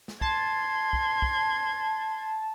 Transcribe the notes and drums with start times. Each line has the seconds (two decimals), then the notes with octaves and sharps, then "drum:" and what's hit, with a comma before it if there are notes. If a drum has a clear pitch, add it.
0.08 drum: snare
0.21 A5 C6 G#6, drum: kick
0.93 drum: kick
1.22 drum: kick